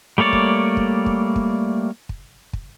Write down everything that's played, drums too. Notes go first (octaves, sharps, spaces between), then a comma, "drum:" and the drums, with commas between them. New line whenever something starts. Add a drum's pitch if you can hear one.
G3 A3 A#3 C#5 D5
drum: kick
drum: kick
drum: kick
drum: kick
drum: kick
drum: kick